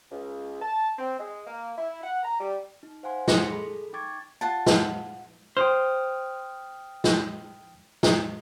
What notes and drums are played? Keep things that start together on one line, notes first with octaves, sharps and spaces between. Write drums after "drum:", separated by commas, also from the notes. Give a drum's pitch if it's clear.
C#2
A5
C4
G#3
A#3
E4
F#5
A#5
G3
D#4
C5 F5 F#5 G#5 C6
B5 C6 A#6 C#7, drum: snare
G#4 A4 B5
D#4 G5 C#6 D6 G#6 A6
F4 F#5 A5
drum: snare
C5 G5 D#6 F6
drum: snare
drum: snare